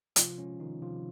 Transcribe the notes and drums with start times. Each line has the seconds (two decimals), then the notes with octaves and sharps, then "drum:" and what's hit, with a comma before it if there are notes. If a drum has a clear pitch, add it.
0.16 C3 F3 F4, drum: hi-hat
0.38 G#3 C#4
0.60 D#3 F3 D#4
0.82 C3 F3 F4